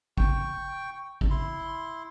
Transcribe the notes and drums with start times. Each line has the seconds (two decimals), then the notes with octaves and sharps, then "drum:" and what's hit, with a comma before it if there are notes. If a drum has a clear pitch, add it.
0.18 G5 C#6, drum: kick
1.21 drum: kick
1.30 E4 C6